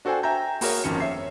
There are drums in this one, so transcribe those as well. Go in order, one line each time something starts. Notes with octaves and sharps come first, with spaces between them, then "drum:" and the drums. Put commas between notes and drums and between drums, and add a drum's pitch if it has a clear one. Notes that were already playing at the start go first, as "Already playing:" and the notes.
D4 F#4 A4 C5 G5 G#5
E5 G5 G#5 A#5 G6
A#3 F#4 G#4 A#4 C#5, drum: open hi-hat
G1 F2 D#3 C#4 C#7
C#5 E5 C7